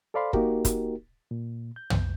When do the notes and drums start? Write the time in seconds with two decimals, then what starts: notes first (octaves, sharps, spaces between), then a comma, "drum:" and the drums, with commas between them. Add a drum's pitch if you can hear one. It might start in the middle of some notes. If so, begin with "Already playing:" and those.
0.14 A4 C5 D5 F5 B5 C6
0.33 A#3 D#4 F#4 G4 A#4, drum: kick
0.65 drum: kick, hi-hat
1.31 A#2
1.76 G6
1.90 drum: tom